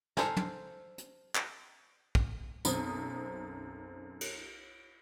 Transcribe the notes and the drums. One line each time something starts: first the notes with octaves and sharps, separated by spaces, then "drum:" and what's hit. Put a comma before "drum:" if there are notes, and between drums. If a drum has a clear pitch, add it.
A4 A#4 C5 G#5 A#5, drum: snare
drum: tom
drum: hi-hat
drum: clap
drum: kick
B1 F#2 C4 D#6, drum: tambourine
drum: cymbal